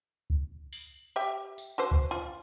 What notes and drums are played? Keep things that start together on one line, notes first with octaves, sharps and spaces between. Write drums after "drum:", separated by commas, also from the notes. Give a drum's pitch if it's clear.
drum: kick
drum: open hi-hat
G4 E5 G5
drum: tambourine
F#4 B4 C5
drum: kick
F4